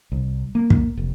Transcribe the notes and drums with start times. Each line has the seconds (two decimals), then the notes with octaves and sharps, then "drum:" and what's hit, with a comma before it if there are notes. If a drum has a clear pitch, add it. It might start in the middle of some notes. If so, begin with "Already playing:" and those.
0.12 C2
0.55 A#3
0.70 drum: kick
0.97 F1